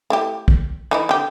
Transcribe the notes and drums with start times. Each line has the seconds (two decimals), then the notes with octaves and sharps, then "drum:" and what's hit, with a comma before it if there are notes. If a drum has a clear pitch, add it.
0.10 A3 E4 G4
0.48 drum: kick
0.91 E3 D#4 E4
1.09 D3 G4